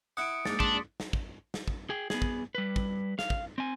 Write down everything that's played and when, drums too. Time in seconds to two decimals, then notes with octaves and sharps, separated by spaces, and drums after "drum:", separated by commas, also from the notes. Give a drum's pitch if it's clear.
0.17 E4 F#5 D#6 C#7 D7
0.45 A#1 G#2 D#4 D6 A6, drum: snare
0.60 D4 C6 D6 B6, drum: kick
1.00 drum: snare
1.13 drum: kick
1.54 drum: snare
1.68 drum: kick
1.90 G#4 G5
2.10 B3 G#4, drum: snare
2.22 drum: kick
2.55 G3 B4
2.76 drum: kick
3.19 F5, drum: snare
3.30 drum: kick
3.58 C4 G#5